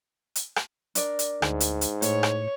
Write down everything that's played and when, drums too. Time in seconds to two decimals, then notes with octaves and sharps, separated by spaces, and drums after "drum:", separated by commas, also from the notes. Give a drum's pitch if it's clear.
0.35 drum: hi-hat
0.56 drum: rim click
0.95 D4 A#4 D5, drum: hi-hat
1.19 drum: hi-hat
1.42 D2 G#2, drum: rim click
1.60 drum: hi-hat
1.81 drum: hi-hat
2.02 A2 C#5, drum: hi-hat
2.23 drum: rim click